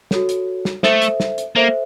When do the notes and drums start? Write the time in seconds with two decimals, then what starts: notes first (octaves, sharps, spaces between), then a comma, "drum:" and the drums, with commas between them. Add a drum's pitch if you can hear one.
0.11 F#4 A4 C#5, drum: snare
0.29 drum: hi-hat
0.65 drum: snare
0.83 A3 A4 C5 E5, drum: snare
1.02 drum: hi-hat
1.20 drum: snare
1.38 drum: hi-hat
1.56 A#3 A4 C5 E5